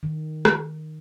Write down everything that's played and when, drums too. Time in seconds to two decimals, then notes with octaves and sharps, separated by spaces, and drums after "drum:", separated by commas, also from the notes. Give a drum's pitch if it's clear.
0.03 D#3
0.45 drum: rim click